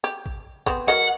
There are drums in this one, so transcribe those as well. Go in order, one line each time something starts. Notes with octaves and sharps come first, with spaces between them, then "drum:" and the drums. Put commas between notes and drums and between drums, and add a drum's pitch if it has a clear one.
G4
drum: kick A1
B3 C4, drum: kick A1
F#3 A#4 D#5 F#5